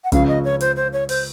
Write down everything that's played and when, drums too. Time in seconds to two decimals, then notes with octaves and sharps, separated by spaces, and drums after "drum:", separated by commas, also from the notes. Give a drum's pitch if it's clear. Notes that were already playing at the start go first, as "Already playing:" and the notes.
0.04 F#5
0.12 C#2 C#3 F3 F5, drum: kick, hi-hat
0.28 D#5
0.44 C#5
0.61 C5, drum: hi-hat
0.76 C5
0.93 C#5
1.09 C5, drum: open hi-hat